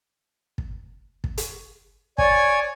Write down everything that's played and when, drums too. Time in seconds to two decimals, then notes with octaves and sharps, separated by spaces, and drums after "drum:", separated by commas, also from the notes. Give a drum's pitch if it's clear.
0.58 drum: kick
1.24 drum: kick
1.38 drum: hi-hat
2.18 C#5 D5 G#5, drum: kick